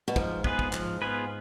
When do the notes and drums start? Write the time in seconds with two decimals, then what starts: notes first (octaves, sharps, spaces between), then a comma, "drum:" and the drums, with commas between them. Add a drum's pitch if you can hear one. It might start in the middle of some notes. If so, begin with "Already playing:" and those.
0.08 B2
0.16 G#2 F3, drum: kick
0.44 B3 F4 G#4 B4, drum: kick
0.59 drum: kick
0.73 F3, drum: clap
1.02 B3 F4 G#4 B4